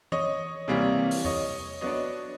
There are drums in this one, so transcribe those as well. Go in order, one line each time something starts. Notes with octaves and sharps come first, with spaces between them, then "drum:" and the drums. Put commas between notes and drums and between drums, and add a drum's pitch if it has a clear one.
C#5 D#5, drum: tom E3
C3 E3 G3 A#3
drum: open hi-hat
C#5 D#5, drum: tom E2
F#3 B3 D4 C#5 D#5